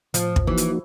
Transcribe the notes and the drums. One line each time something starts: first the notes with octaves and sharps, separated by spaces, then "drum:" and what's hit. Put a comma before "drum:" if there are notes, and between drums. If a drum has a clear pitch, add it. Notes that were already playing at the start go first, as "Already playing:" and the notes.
A2 F3, drum: hi-hat
drum: kick
E3 F3 A#3 D#4 F#4
drum: hi-hat